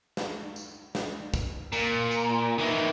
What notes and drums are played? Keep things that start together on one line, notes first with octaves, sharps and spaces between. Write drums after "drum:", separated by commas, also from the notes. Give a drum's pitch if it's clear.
drum: snare
drum: tambourine
drum: snare
drum: kick, tambourine
A#2, drum: tambourine
drum: tambourine
D#3 E3